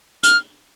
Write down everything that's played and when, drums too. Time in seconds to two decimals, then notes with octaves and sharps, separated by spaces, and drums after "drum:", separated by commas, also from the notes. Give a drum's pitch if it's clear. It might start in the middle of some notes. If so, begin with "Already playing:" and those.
0.23 F6, drum: hi-hat